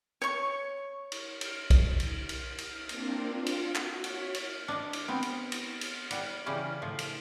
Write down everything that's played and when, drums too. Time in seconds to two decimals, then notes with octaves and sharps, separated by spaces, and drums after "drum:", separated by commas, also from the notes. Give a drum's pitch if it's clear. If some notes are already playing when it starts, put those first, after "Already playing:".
0.22 C#5 C#6
1.12 drum: cymbal
1.41 drum: cymbal
1.70 drum: kick, cymbal
2.00 drum: cymbal
2.29 drum: cymbal
2.58 drum: cymbal
2.89 A#3 C4 D4, drum: cymbal
3.21 F4
3.46 drum: cymbal
3.75 F#4, drum: clap
4.04 C#5 B6, drum: cymbal
4.34 drum: cymbal
4.68 D4 D5 D#5
4.93 drum: cymbal
5.08 B3 C4
5.23 drum: cymbal
5.52 drum: cymbal
5.81 drum: cymbal
6.11 G3 F#5, drum: cymbal
6.46 C#3 E3 G3 C#4 E4
6.82 A2 F3 G#5
6.99 drum: cymbal